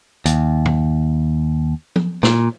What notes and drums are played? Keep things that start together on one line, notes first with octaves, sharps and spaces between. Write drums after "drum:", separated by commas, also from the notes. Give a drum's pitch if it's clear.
D#2, drum: hi-hat
drum: tom G2
drum: tom F3
A#2, drum: snare